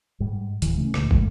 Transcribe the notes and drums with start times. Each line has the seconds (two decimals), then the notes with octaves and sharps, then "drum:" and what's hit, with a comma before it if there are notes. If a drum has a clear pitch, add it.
0.20 G#2 G3
0.62 D1 D#3 E3 G3, drum: hi-hat
0.77 C#3 A3
0.94 D2 A#2, drum: rim click
1.11 C2 G#2 E3 A3, drum: kick